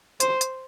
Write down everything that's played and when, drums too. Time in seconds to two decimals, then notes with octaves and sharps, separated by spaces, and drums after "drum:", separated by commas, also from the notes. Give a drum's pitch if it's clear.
0.20 C5, drum: hi-hat
0.41 drum: hi-hat